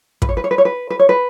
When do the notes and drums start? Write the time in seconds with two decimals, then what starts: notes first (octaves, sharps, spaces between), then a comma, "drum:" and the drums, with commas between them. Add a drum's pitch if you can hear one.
0.22 B4, drum: kick
0.29 C#5
0.37 B4
0.44 C#5
0.51 B4
0.58 C#5
0.65 B4
0.90 B4
0.99 C#5
1.09 B4